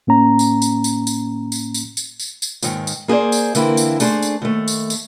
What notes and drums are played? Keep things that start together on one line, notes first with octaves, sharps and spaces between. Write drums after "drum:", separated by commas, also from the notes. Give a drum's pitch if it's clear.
A2 A#3 C#4 A#5
drum: tambourine
drum: tambourine
drum: tambourine
drum: tambourine
drum: tambourine
drum: tambourine
drum: tambourine
drum: tambourine
drum: tambourine
D#2 G#2 D#3, drum: tambourine
drum: tambourine
A#3 G#4 B4 C5 D5
drum: tambourine
D3 E3 A#3 C4 E4, drum: tambourine
drum: tambourine
A3 D4 G#4 A#4 C5, drum: tambourine
drum: tambourine
D#2 A3
drum: tambourine
drum: tambourine